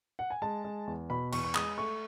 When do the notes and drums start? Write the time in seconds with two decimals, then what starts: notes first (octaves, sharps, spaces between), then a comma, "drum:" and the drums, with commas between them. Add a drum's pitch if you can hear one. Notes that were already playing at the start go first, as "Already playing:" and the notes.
0.19 F#5
0.30 G#5
0.42 G#3 A5
0.64 G#3
0.87 E2
1.10 B2 B5
1.32 E2 C#6, drum: cymbal
1.44 C#6
1.55 G#3 D#6, drum: clap
1.78 A3 C#6